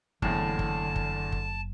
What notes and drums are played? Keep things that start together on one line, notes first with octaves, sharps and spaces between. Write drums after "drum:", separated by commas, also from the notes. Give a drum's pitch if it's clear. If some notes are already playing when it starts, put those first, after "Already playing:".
F#1 E2 A2 D3 A5, drum: kick
drum: kick
drum: kick
drum: kick